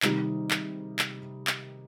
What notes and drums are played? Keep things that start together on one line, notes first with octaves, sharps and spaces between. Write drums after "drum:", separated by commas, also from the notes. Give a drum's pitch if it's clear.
C3 D#3 G3 D#4, drum: clap
drum: clap
drum: clap
drum: clap